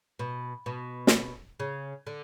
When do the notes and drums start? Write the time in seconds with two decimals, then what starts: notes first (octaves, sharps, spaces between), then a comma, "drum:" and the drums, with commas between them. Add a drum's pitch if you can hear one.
0.19 B2
0.66 B2
1.07 drum: snare
1.60 C#3
2.07 D3